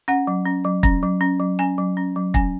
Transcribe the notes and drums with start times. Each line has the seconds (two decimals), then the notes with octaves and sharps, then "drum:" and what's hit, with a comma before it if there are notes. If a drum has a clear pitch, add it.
0.08 C#4 F#5
0.27 F#3
0.46 C#4
0.64 F#3
0.83 C#4, drum: kick
1.03 F#3
1.21 C#4
1.40 F#3
1.59 C#4 G#5
1.78 F#3
1.97 C#4
2.16 F#3
2.34 C#4 G#5, drum: kick